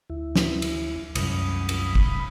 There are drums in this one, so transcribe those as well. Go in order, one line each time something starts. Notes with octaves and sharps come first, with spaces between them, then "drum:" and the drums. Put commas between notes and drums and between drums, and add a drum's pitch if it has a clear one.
D2 E4
drum: snare
drum: cymbal
C2 F#2 B5 D#6, drum: cymbal
drum: cymbal
drum: kick